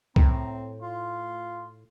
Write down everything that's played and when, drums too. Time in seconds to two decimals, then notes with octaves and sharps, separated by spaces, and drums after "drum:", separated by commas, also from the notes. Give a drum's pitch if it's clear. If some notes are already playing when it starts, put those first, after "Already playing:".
0.16 A2 C4 A#5, drum: kick
0.82 F4 C6